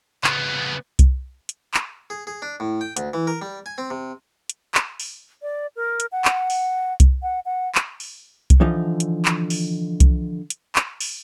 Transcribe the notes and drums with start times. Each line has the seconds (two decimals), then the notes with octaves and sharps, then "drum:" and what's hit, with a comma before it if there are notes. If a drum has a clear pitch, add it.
0.24 C#3 B3, drum: clap
0.99 drum: kick C2, hi-hat
1.49 drum: hi-hat
1.74 drum: clap
2.10 G#4
2.27 G#4
2.42 D4
2.60 A2
2.81 G5
2.97 D2, drum: hi-hat
3.13 E3
3.27 A#4
3.42 G3
3.66 G#5
3.78 C4
3.90 C3
4.49 drum: hi-hat
4.75 drum: clap
5.00 drum: open hi-hat
5.42 D5
5.76 A#4
6.00 drum: hi-hat
6.12 F#5
6.25 drum: clap
6.50 drum: open hi-hat
7.00 drum: kick C2, hi-hat
7.23 F#5
7.45 F#5
7.75 drum: clap
8.00 drum: open hi-hat
8.50 drum: kick C2, hi-hat
8.60 D3 E3 F3 D#4
9.00 drum: hi-hat
9.25 drum: clap
9.50 drum: open hi-hat
10.00 drum: kick C2, hi-hat
10.50 drum: hi-hat
10.75 drum: clap
11.01 drum: open hi-hat